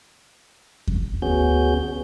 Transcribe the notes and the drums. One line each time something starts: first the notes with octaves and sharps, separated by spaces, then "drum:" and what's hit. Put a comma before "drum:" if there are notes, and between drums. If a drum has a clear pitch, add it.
drum: kick E2
D2 B3 C#4 F#4 G#4 G6